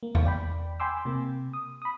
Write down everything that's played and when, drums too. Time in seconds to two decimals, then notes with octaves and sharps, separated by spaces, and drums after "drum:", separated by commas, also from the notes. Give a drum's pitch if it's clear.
0.03 A#3
0.15 drum: tom E2
0.25 D5 G5 B5
0.80 G5 G#5 B5 C6 D6 E6
1.05 C3 A#3
1.53 D#6
1.82 B5 D#6